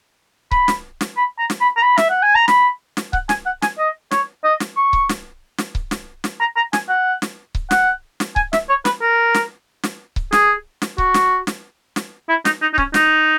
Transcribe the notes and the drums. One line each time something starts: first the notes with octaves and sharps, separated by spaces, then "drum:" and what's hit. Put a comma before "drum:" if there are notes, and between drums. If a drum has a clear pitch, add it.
B5, drum: kick C#1
drum: snare
drum: snare
B5
A#5
drum: snare
B5
A#5
B5
E5, drum: snare
F#5
G#5
A#5
B5, drum: snare
drum: snare
F#5, drum: kick C#1
G#5, drum: snare
F#5
G#5, drum: snare
D#5
C#5, drum: snare
D#5
drum: snare
C#6
drum: kick C#1
drum: snare
drum: snare
drum: kick C#1
drum: snare
drum: snare
A#5
A#5
G#5, drum: snare
F#5
drum: snare
drum: kick C#1
F#5, drum: snare
drum: snare
G#5, drum: kick C#1
E5, drum: snare
C#5
B4, drum: snare
A#4
drum: snare
drum: snare
drum: kick C#1
G#4, drum: snare
drum: snare
F#4, drum: kick C#1
drum: snare
drum: snare
drum: snare
E4
D#4, drum: snare
D#4
D#4
C#4, drum: kick C#1
D#4, drum: snare